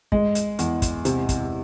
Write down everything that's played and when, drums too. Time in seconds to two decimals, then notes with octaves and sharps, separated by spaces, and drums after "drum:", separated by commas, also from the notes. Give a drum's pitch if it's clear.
0.12 G#3, drum: kick
0.35 drum: hi-hat
0.59 E2, drum: hi-hat
0.82 drum: kick, hi-hat
1.05 C3, drum: hi-hat
1.29 drum: kick, hi-hat